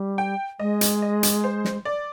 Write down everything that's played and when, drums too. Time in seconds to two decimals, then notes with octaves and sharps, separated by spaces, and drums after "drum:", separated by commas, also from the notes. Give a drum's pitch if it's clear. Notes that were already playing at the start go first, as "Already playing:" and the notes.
Already playing: G3
0.18 G5
0.59 G#3 D#5
0.81 drum: hi-hat
1.02 D#5
1.23 drum: hi-hat
1.44 C5
1.65 drum: snare
1.85 D5